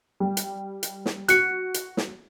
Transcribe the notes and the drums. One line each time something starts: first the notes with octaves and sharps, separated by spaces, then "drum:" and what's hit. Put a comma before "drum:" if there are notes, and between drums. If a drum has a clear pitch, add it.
G3
drum: hi-hat
drum: hi-hat
drum: snare
F#4 F#6 C#7, drum: hi-hat
drum: hi-hat
drum: snare